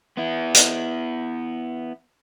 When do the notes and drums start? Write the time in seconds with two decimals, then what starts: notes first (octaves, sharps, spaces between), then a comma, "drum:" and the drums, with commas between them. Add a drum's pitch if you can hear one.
0.17 B3 E4
0.54 drum: hi-hat